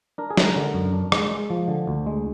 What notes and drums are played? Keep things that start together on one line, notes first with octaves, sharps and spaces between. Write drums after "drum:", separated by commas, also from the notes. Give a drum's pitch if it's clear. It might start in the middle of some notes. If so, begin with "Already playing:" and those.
D4 A#4
G#4
G#3, drum: snare
A#4
D3
F#2
D4
G#3, drum: rim click
G#3
F3
D3
D2
G#3